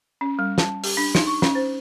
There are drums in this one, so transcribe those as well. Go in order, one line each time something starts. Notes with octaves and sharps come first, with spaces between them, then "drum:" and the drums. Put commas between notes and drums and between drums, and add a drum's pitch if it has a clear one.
C#4
G3
A5, drum: snare
G4, drum: open hi-hat
D4
D#4, drum: snare
C#6
C#4, drum: snare
C5